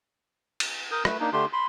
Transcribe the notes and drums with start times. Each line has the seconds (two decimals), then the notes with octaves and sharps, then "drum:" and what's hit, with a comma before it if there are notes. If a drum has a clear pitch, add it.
0.60 drum: cymbal
0.91 A#4 D#6 G6
1.05 A3 B4, drum: rim click
1.20 A#3 D4 D#4
1.33 D3 A3 D4 G4 C6
1.53 B5 C6